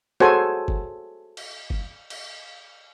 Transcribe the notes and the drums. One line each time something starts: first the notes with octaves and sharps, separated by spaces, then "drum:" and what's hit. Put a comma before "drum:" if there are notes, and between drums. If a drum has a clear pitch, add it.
F#4 G#4 A4 C5 C#5 G#5, drum: snare
drum: kick G1
drum: cymbal
drum: kick G1
drum: cymbal